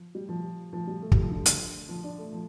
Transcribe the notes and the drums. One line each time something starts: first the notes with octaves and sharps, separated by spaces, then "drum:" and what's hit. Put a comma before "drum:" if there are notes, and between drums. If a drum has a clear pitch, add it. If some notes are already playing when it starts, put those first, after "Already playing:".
Already playing: F3
G3
F3
F3
G3
A3
G3, drum: kick
F3
D3
D3, drum: hi-hat
F3
D4
A3
F3